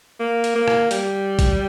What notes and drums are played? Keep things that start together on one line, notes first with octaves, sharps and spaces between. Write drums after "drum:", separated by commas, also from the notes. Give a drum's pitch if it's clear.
A#3
drum: hi-hat
A#3
drum: rim click
G3, drum: hi-hat
drum: kick A#1, hi-hat